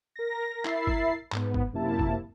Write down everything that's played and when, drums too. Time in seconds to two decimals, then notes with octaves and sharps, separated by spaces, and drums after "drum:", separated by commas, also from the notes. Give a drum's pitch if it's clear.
0.16 A#4 A#6
0.65 E4 A#4 E5 B5 A6 C7, drum: clap
0.87 drum: kick
1.32 G#2 B3, drum: clap
1.54 drum: kick
1.73 F#2 C3 A#3 E4 A5
1.99 drum: kick